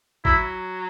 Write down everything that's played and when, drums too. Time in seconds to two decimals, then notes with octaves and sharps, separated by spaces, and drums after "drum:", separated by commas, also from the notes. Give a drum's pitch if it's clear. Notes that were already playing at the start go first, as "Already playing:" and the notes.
0.25 F#3 E4, drum: kick A1